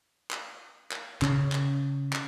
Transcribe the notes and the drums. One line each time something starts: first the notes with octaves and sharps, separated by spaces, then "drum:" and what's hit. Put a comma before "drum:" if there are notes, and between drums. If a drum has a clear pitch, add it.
drum: clap
drum: clap
C#3, drum: clap
drum: clap
drum: clap